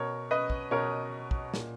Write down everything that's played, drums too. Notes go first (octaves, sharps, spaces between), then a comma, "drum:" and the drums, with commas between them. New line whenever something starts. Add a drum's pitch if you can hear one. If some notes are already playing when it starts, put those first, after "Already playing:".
Already playing: B2 A#4 C#5
B4 D#5
drum: kick
B2 A#4 C#5
drum: kick
A#2, drum: snare